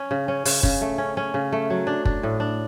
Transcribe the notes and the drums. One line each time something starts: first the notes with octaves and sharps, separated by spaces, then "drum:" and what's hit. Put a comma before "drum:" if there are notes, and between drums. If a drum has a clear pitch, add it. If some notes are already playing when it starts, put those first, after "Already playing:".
Already playing: C#4
C#3
C#4
C#3, drum: open hi-hat
C#3, drum: kick
A3
C#4
C#4
C#3
A3
F#3
D4
D4, drum: kick
A2
D4